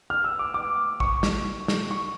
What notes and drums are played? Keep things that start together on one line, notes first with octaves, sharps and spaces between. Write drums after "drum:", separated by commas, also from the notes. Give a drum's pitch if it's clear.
F6
E6
D6
D6
C#6, drum: kick A1
drum: snare
drum: snare
C#6